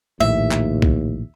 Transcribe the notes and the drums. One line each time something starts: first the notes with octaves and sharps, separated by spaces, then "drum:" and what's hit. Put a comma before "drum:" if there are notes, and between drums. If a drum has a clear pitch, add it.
A#1 D#2 A2 E5
drum: clap
drum: kick B1